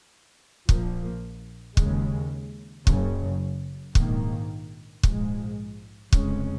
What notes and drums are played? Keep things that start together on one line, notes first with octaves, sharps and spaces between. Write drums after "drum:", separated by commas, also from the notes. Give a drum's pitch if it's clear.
A#1 A#2 F3 A#3, drum: kick
D#2 C#3 G#3, drum: kick
F#1 F#2 C#3, drum: kick
A#1 G#2 D#3 A#3, drum: kick
A#1 G#2 F3 G#3, drum: kick
F1 F2 C#3 G#3 C#4, drum: kick